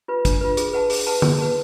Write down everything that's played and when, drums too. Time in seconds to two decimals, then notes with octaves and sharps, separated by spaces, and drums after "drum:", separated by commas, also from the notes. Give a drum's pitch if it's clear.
0.08 F4 B4
0.25 D4, drum: kick, hi-hat
0.41 F4 B4
0.57 G#4, drum: hi-hat
0.73 B4 F#5 A5
0.90 G#4, drum: open hi-hat
1.07 B4 F#5 A5
1.22 G#4, drum: tom
1.38 B4 F#5 A5